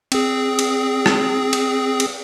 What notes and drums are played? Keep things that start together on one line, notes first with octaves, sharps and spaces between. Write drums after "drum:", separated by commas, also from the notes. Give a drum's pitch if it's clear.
C4 G#4, drum: cymbal
drum: cymbal
drum: rim click
drum: cymbal
drum: cymbal